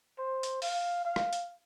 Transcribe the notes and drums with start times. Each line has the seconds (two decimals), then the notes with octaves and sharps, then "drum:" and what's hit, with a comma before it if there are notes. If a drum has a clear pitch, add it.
0.18 C5
0.43 drum: hi-hat
0.62 F5, drum: open hi-hat
1.05 F5
1.16 drum: rim click
1.33 drum: hi-hat